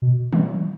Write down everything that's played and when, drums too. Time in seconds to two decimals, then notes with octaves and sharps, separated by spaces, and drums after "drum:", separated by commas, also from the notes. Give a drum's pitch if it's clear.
0.02 B2
0.33 E3, drum: tom F#3